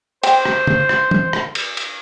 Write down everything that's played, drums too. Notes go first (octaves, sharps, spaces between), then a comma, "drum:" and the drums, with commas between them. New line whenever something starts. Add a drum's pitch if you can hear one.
C5 G5, drum: cymbal
drum: rim click
drum: tom
drum: rim click
drum: tom
drum: rim click
drum: cymbal
drum: cymbal